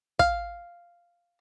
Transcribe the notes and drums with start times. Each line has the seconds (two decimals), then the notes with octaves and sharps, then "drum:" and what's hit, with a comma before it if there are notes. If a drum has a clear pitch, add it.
0.19 F5, drum: kick